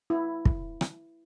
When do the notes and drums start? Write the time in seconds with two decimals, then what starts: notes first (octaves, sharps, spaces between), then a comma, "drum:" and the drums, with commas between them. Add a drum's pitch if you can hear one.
0.10 E4
0.45 drum: kick
0.81 drum: rim click